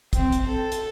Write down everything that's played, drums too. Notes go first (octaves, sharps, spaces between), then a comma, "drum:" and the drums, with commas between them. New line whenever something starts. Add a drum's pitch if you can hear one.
C4, drum: kick, hi-hat
drum: hi-hat
A4
drum: hi-hat